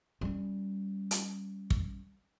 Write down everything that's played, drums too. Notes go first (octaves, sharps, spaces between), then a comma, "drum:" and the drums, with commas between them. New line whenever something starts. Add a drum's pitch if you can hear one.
G3 C#4
drum: hi-hat
drum: kick